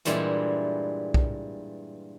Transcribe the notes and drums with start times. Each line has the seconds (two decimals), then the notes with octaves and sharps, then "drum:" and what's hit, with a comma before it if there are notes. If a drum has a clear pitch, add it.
0.05 G2 A#2 E3 G3 G#3, drum: hi-hat
1.14 drum: kick B1